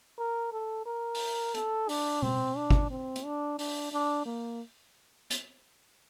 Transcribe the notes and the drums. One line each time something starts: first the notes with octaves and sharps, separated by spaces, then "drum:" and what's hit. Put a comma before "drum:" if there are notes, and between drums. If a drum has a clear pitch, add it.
A#4
A4
A#4
drum: open hi-hat
A4, drum: hi-hat
D4, drum: open hi-hat
C4, drum: tom B2
D4
drum: kick G1
C4
drum: hi-hat
D4
D4, drum: open hi-hat
D4
A#3
drum: hi-hat